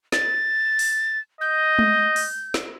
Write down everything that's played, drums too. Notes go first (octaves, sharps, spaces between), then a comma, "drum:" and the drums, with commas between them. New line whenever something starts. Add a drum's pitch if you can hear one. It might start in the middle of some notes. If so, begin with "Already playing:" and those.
A6, drum: snare
drum: open hi-hat
D#5 G6
drum: tom G#3
drum: open hi-hat
drum: snare